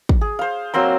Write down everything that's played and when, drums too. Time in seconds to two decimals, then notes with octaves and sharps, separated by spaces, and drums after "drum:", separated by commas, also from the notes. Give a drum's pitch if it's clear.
0.09 drum: kick
0.21 G#4
0.39 C5 F5
0.74 F#3 A#3 C4 C6